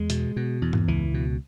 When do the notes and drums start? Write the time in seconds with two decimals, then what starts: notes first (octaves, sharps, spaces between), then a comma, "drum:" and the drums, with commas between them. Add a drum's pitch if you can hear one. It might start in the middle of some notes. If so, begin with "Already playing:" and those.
Already playing: E2 G#3
0.10 B2, drum: hi-hat
0.36 B2
0.62 E2
0.73 drum: tom G2
0.88 C#2 E3
1.14 B2